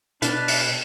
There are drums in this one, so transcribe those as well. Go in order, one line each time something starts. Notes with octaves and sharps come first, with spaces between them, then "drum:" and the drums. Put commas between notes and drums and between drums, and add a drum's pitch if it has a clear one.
B2 D4 B4 A5 F6, drum: hi-hat
drum: open hi-hat